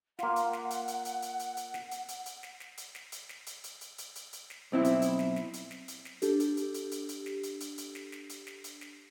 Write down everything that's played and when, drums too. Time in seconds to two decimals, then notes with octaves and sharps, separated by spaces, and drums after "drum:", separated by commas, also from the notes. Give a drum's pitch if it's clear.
0.19 A#3 F4 F#5, drum: snare
0.36 drum: hi-hat
0.53 drum: snare
0.70 drum: hi-hat
0.88 drum: hi-hat
1.05 drum: hi-hat
1.22 drum: hi-hat
1.39 drum: hi-hat
1.57 drum: hi-hat
1.74 drum: snare
1.91 drum: hi-hat
2.08 drum: hi-hat
2.26 drum: hi-hat
2.43 drum: snare
2.60 drum: snare
2.77 drum: hi-hat
2.95 drum: snare
3.12 drum: hi-hat
3.29 drum: snare
3.46 drum: hi-hat
3.64 drum: hi-hat
3.81 drum: hi-hat
3.98 drum: hi-hat
4.15 drum: hi-hat
4.33 drum: hi-hat
4.50 drum: snare
4.72 B1 C4 E4
4.84 drum: hi-hat
5.02 drum: hi-hat
5.19 drum: snare
5.36 drum: snare
5.53 drum: hi-hat
5.71 drum: snare
5.88 drum: hi-hat
6.05 drum: snare
6.22 D4 G4 A4, drum: hi-hat
6.40 drum: hi-hat
6.57 drum: hi-hat
6.74 drum: hi-hat
6.91 drum: hi-hat
7.09 drum: hi-hat
7.26 drum: snare
7.43 drum: hi-hat
7.60 drum: hi-hat
7.78 drum: hi-hat
7.95 drum: snare
8.12 drum: snare
8.29 drum: hi-hat
8.47 drum: snare
8.64 drum: hi-hat
8.81 drum: snare